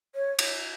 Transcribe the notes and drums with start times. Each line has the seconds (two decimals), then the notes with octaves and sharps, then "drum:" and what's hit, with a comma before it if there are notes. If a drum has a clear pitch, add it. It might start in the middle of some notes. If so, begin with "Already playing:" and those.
0.15 C#5
0.39 drum: cymbal